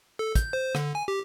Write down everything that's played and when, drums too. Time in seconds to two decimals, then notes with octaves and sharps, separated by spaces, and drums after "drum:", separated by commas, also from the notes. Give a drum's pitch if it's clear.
0.19 A4
0.35 G6, drum: kick, hi-hat
0.53 C5
0.75 D3, drum: rim click
0.95 G#5
1.08 G4